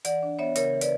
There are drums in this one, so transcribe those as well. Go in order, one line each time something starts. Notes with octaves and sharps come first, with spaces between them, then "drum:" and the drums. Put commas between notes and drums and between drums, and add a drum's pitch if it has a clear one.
E3 D5 F#5, drum: hi-hat
D4
B3 C#5 E5
C#3 A#4 C#5, drum: hi-hat
E3
B4 D5, drum: hi-hat